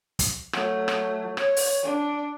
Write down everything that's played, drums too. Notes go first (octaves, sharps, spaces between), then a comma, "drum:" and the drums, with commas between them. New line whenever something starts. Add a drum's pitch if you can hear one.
drum: kick, hi-hat
F#3 A3, drum: rim click
drum: rim click
C#5, drum: rim click
drum: open hi-hat
D4